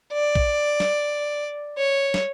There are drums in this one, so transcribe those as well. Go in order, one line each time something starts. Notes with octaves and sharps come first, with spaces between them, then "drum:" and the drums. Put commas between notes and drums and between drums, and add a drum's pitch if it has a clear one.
D5
drum: kick A#1
drum: snare
C#5
drum: snare